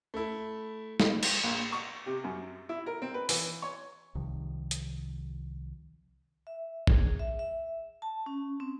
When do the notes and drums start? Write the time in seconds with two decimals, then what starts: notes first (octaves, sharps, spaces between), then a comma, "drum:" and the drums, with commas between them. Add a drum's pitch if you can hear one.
0.14 A3 E4
1.00 drum: snare
1.23 drum: cymbal
1.44 A#1
1.72 C#6
2.06 C3
2.24 F#2
2.69 E4
2.86 A#4
3.02 C4
3.14 B4
3.29 E3, drum: open hi-hat
3.62 C#5
4.15 C2 C3 D#3 F3
4.71 drum: hi-hat
6.47 E5
6.87 G#4, drum: kick
7.19 E5
7.39 E5
8.02 A5
8.26 C#4
8.60 C4